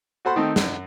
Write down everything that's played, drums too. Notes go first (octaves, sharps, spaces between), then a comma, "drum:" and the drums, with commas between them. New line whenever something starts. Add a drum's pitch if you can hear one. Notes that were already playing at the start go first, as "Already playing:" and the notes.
F#4 A4 C5 F#5 B5 C6
D#3 A3 C4 D#4
F#2, drum: snare